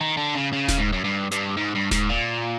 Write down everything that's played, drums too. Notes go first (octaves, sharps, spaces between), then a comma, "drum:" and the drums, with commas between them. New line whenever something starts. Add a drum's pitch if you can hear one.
D#3
D3
C#3
C#3
drum: snare D#1
G#2
F#2
G2
G2, drum: hi-hat
G#2
G2
G#2, drum: snare D#1
A#2